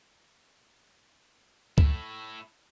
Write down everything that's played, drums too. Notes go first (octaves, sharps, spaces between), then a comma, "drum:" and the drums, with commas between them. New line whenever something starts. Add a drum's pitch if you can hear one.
A2 E4, drum: kick